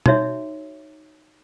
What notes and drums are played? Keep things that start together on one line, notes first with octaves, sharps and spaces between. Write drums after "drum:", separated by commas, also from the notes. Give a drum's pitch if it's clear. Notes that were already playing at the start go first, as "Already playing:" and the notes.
D#4 F#4 C#5 E5, drum: tom